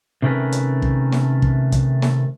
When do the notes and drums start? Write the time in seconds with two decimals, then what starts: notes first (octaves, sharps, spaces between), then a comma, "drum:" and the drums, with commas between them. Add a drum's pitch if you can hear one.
0.22 C3 D#3 A3 C#4 A#4 B4
0.52 drum: hi-hat
0.82 drum: kick
1.12 drum: snare
1.42 drum: kick
1.72 drum: kick, hi-hat
2.02 drum: snare